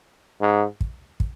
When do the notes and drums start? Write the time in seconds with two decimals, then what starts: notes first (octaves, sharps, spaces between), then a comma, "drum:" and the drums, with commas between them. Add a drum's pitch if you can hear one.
0.41 G#2
0.81 drum: kick
1.20 drum: kick